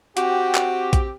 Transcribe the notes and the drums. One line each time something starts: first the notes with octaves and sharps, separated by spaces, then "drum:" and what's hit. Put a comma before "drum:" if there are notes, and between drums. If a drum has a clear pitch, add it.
C4 F#4 G4, drum: hi-hat
drum: clap
drum: kick A#1, hi-hat